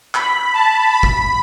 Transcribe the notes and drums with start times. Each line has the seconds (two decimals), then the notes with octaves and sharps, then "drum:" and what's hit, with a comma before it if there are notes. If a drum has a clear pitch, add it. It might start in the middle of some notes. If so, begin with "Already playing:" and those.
0.15 B5, drum: clap
0.54 A5
0.92 B5
1.03 drum: kick